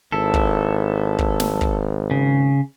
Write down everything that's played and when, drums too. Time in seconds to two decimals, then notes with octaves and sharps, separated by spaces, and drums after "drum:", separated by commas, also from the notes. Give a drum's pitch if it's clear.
0.12 G#1 E4 A4
0.34 drum: kick
1.18 drum: kick
1.40 drum: snare
1.61 drum: kick
2.11 C#3